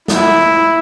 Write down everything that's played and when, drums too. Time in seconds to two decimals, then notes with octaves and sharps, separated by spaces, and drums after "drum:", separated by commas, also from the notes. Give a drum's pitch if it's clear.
0.08 E4, drum: snare